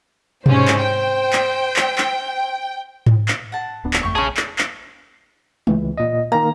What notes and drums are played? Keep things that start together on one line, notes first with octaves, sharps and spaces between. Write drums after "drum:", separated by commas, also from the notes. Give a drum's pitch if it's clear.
G#2 C3 C#4 C5, drum: tom B2
drum: clap
G5
drum: clap
drum: clap
drum: clap
drum: tom G#2
drum: clap
F#5 A5
D1 B3 D4
drum: clap
G1 F2 A3 G5 C#6
A#1 C#4 G#4 C#5 A5 B5 C#6
drum: clap
drum: clap
C#2 E3, drum: tom G#3
A#2 D#5
D#3 A#3 A#5